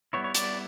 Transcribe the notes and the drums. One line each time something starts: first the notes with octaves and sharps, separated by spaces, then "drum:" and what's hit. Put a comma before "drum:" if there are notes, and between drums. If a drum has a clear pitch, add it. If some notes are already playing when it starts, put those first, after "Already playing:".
G3 B3 E4 C#5
C#5
D5, drum: hi-hat